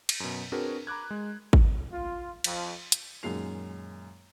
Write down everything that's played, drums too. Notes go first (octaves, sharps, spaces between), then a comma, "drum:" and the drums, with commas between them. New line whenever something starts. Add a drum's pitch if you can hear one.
drum: cymbal
F#2 B2
C4 D4 F#4 G#4 A#4 B4
A#5 B5 D6 F#6 G#6
G#3
drum: kick G#1
F4
F2, drum: cymbal
drum: hi-hat
F#2 A#2 D#3 G#3 C7 F7